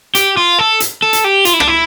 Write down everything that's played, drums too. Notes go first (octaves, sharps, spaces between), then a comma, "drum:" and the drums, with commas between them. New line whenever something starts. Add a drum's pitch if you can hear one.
G4, drum: hi-hat
F4
A4
drum: hi-hat
A4
drum: hi-hat
G4
F4, drum: hi-hat
E4
D4, drum: rim click
E4